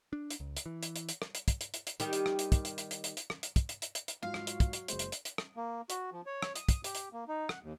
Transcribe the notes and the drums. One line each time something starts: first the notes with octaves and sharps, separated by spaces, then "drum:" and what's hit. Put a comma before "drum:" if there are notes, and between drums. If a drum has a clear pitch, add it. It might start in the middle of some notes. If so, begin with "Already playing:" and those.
D4
drum: hi-hat
C#2
drum: hi-hat
E3
drum: hi-hat
drum: hi-hat
drum: hi-hat
drum: rim click
drum: hi-hat
drum: kick, hi-hat
drum: hi-hat
drum: hi-hat
drum: hi-hat
D#3 G3 G4, drum: hi-hat
drum: hi-hat
drum: rim click
drum: hi-hat
drum: kick, hi-hat
drum: hi-hat
drum: hi-hat
drum: hi-hat
drum: hi-hat
drum: hi-hat
drum: rim click
drum: hi-hat
drum: kick, hi-hat
drum: hi-hat
drum: hi-hat
drum: hi-hat
drum: hi-hat
G#2 F#3 F4 F5
drum: rim click
drum: hi-hat
drum: kick, hi-hat
drum: hi-hat
F#1 G#3 C5, drum: hi-hat
drum: hi-hat
drum: hi-hat
drum: hi-hat
drum: rim click
A#3
F#4, drum: hi-hat
F3
C#5
drum: rim click
D#6, drum: hi-hat
drum: kick, hi-hat
G4, drum: hi-hat
drum: hi-hat
A#3
D#4
F#5, drum: rim click
D#2